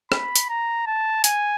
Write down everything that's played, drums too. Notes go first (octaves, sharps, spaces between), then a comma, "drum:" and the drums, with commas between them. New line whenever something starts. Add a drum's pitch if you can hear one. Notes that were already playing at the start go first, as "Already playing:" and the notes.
B5, drum: rim click
drum: hi-hat
A#5
A5
G#5, drum: hi-hat